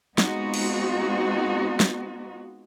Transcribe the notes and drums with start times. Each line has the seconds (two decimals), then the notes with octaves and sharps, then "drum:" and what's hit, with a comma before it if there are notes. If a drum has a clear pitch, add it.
0.18 G#3 B3 C4 D#4 F4 F#4, drum: snare
0.54 drum: cymbal
1.80 drum: snare